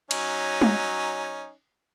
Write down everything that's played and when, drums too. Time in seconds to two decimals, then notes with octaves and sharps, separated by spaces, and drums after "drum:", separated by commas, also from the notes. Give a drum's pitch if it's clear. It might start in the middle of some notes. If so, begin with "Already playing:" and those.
0.11 F#3 C#4 D#4, drum: cymbal
0.61 drum: tom